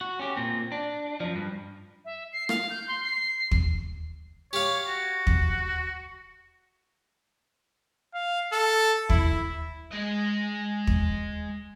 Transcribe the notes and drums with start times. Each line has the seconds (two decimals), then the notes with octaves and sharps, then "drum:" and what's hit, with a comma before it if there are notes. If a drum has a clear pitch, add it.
0.01 F#4
0.19 C#4 G4
0.37 A#2 C4
0.72 D4
1.20 F#2 F3
1.35 G2
2.05 E5
2.33 C7
2.49 F5, drum: rim click
2.70 G6
2.88 C6
3.03 C7
3.51 drum: kick
4.53 G4 C#5 F5
4.88 F#4
5.27 drum: kick
8.14 F5
8.53 A4
9.09 E4, drum: kick
9.92 G#3 D#5
10.87 drum: kick